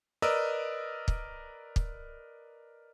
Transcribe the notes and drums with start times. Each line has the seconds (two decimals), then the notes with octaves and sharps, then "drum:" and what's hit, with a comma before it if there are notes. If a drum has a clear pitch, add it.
0.22 A#4 B4 D5 D#5 D#6 E6
1.08 drum: kick
1.76 drum: kick